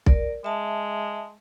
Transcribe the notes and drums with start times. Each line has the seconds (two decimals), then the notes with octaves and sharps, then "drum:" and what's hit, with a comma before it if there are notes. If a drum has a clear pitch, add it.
0.06 A#4 D5, drum: kick B1
0.44 G#3 E5 A5